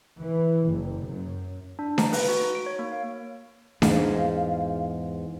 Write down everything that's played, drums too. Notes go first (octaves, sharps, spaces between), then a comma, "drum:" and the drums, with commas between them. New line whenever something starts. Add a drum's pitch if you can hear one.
E3
F#1
F#2
D4
A#5, drum: snare D4
B4, drum: open hi-hat
F#4
D#4
D7
C#5
A#3
F5
E2 G#2 F5, drum: snare D4